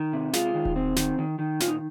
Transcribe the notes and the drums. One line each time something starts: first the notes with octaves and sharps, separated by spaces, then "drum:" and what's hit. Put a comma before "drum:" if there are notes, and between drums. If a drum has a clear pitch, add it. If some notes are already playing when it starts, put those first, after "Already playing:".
Already playing: D#3
C3
G#3 F4, drum: snare
D#3
drum: kick D#1
C4
D#3, drum: snare
D#3
D#3
A#2 F4, drum: snare
D#4